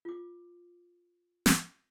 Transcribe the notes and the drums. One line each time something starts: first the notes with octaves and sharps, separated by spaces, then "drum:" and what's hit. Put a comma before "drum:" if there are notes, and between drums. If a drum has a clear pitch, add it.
F4 D6
drum: snare